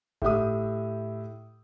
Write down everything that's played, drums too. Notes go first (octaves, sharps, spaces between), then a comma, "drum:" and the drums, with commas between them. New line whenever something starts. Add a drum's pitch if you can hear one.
A2 G4 E5 D#6, drum: kick G1